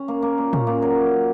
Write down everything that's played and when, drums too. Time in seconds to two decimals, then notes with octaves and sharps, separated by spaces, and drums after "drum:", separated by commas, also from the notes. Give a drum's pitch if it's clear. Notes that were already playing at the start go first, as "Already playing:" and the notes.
Already playing: C#4
0.08 A#3
0.22 A#3
0.38 A#2
0.53 C#4, drum: tom
0.67 A#3
0.82 F#3